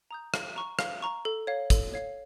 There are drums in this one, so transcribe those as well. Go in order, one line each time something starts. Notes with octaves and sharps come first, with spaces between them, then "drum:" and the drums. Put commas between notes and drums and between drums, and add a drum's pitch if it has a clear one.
A#5 D#6 G6
F5, drum: rim click
A#5 C#6
F5, drum: rim click
A#5 C#6
A4
C#5 F5
A4, drum: kick, hi-hat
C#5 F5